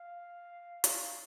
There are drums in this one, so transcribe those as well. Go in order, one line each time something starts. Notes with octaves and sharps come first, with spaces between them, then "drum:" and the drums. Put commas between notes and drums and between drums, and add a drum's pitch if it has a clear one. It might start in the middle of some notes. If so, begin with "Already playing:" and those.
Already playing: F5
F5, drum: hi-hat